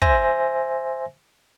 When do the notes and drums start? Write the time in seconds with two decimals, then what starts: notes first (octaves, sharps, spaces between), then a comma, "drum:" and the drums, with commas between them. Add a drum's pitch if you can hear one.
0.02 C5 E5 G#5 A#6, drum: kick